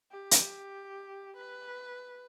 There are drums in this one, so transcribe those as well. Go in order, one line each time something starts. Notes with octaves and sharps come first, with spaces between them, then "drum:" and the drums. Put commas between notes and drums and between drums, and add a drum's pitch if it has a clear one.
G4
drum: hi-hat
B4